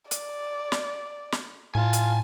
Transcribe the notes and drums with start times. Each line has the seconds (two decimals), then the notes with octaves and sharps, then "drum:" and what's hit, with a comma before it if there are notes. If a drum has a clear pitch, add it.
0.11 D5, drum: hi-hat
0.72 drum: snare
1.32 drum: snare
1.75 A2 F4 G#5 A5
1.93 drum: hi-hat